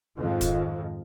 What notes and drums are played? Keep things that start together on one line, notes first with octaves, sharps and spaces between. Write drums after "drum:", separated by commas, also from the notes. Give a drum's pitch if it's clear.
F2 G#2 D#3 F3
drum: kick, hi-hat